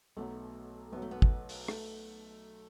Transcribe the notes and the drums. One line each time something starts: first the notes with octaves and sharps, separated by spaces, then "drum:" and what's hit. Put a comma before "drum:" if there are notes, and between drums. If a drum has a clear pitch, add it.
B1 B2 F#3 A3
B1 B2 F#3 B3
A3
B3
drum: kick
drum: open hi-hat
A3, drum: rim click